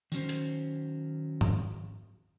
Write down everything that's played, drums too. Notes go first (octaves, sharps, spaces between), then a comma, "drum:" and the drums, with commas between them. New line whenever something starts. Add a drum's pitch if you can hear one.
D#3 F#3 C#4 C5, drum: tambourine
drum: hi-hat
drum: tom G#2